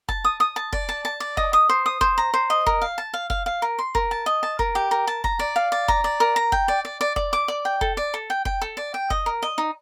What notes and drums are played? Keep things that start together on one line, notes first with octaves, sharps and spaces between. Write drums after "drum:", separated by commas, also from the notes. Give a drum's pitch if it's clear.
A5, drum: kick F1
D#6
D#6
A5
D5, drum: kick F1
A5
A5
D5
D#5, drum: kick F1
D#6
C5
D#6
C5, drum: kick F1
A#5
C5
D#5
A#4, drum: kick F1
F5
A5
F5
F5, drum: kick F1
F5
A#4
C6
A#4, drum: kick F1
A5
D#5
A5
A#4, drum: kick F1
G4
A#4
A5
A#5, drum: kick F1
D5
F5
D5
A#5, drum: kick F1
D5
A#4
A#5
G5, drum: kick F1
D5
D5
D5
D5, drum: kick F1
D6
D5
G5
A4, drum: kick F1
D5
A4
G5
G5, drum: kick F1
A4
D5
G5
D#5, drum: kick F1
A#4
D#5
D#4